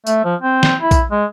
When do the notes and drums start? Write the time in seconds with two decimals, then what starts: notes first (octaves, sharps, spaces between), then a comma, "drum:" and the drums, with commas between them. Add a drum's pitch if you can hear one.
0.07 A3, drum: tambourine
0.24 F3
0.42 C4
0.63 drum: snare
0.80 E4
0.91 drum: kick A#1, tambourine
1.11 G#3